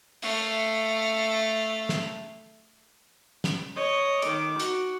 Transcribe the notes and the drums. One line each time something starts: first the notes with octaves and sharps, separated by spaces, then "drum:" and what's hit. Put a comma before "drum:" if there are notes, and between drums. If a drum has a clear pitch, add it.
A3 F5, drum: open hi-hat
drum: snare
drum: snare
C#5 D#5
D#3 D6, drum: hi-hat
F#4, drum: hi-hat